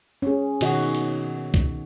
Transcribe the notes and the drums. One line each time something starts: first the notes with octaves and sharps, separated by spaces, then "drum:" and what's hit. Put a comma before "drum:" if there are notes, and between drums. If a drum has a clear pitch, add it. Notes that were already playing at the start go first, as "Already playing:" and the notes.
C#4 G#4
B2 D#3 F#4 D#5, drum: cymbal
drum: hi-hat
drum: kick